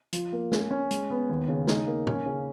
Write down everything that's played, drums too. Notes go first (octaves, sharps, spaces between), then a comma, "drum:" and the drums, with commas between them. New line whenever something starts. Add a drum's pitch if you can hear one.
F3, drum: hi-hat
A#3
C#4, drum: snare
C#4
G#3, drum: hi-hat
B3
D#2
C#3
D#4, drum: snare
A#3
C#4, drum: tom A#2
C#3